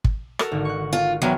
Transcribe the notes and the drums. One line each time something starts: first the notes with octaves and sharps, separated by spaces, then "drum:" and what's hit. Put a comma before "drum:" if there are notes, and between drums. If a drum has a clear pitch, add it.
drum: kick
F#4 A4 A#4, drum: rim click
G#1 D3
C#6 F#6
F4
E2 D#3 F#3